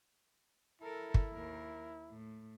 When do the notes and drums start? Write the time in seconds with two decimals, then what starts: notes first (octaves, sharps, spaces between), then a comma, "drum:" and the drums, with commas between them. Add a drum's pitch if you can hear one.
0.82 E4 A4 A#4
1.14 drum: kick
1.33 D#2 A#4
2.10 A2